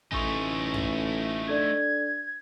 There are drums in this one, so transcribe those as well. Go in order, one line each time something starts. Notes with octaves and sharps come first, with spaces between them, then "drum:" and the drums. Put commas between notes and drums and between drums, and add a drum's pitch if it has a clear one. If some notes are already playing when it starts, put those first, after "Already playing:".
A1 A3 D#4 G#5 C6 C#6, drum: kick A1
drum: tom F#2
D4 A4 D5 G#6